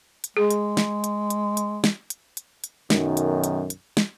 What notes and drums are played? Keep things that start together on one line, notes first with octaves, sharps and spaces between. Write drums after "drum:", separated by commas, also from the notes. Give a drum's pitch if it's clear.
drum: hi-hat
G#3 G#4
drum: hi-hat
drum: snare
drum: hi-hat
drum: hi-hat
drum: hi-hat
drum: snare
drum: hi-hat
drum: hi-hat
drum: hi-hat
B1 F#2 D#3, drum: snare
drum: hi-hat
drum: hi-hat
drum: hi-hat
drum: snare